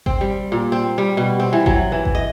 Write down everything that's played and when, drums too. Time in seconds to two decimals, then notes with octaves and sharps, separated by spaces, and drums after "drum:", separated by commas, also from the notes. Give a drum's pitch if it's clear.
0.06 C4, drum: kick G#1
0.21 G3
0.52 A#2
0.72 C4
0.98 G3
1.17 B2
1.39 C4
1.53 E3
1.66 F#3, drum: kick G#1
1.92 E3
2.05 drum: kick G#1
2.15 D#5